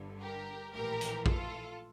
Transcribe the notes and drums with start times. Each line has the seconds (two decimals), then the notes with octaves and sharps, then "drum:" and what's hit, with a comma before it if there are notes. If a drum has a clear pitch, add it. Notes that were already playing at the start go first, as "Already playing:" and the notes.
Already playing: G1 G2 D3
0.21 G4 A#4
0.73 A#1 A2 E3 G4 A#4
1.01 drum: hi-hat
1.26 F4 A4, drum: kick A#1